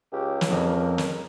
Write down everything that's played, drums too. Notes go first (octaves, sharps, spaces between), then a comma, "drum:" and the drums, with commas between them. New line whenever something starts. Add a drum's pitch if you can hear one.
C#2 G4
drum: snare
F2 A#4
drum: snare